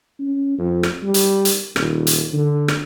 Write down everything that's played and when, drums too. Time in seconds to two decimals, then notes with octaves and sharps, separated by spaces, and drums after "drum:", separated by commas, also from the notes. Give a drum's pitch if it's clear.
0.19 C#4
0.58 F2
0.83 drum: rim click
1.03 G3
1.14 drum: hi-hat
1.45 drum: hi-hat
1.76 D#1, drum: rim click
2.07 drum: hi-hat
2.33 D3
2.68 drum: rim click